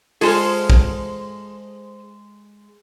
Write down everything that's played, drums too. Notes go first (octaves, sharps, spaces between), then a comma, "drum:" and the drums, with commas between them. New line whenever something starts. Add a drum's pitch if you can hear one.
G#3 F4 G#4 A4 C5 A5 F6, drum: open hi-hat
drum: kick